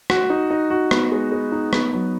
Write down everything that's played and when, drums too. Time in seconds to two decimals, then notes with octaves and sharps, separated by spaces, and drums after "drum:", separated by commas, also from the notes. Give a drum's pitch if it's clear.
0.10 F#4, drum: rim click
0.30 D#4
0.51 D#4
0.70 F#4
0.91 B3, drum: rim click
1.12 G#3
1.32 G#3
1.52 D#4
1.73 B3, drum: rim click
1.93 F#3